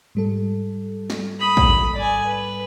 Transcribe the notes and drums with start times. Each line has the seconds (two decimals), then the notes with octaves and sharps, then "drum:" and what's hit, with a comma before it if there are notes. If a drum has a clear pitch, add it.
0.15 G#2 G3 A4
1.10 drum: snare
1.40 B5 D#6
1.57 drum: kick
1.96 D5 G#5
2.26 B4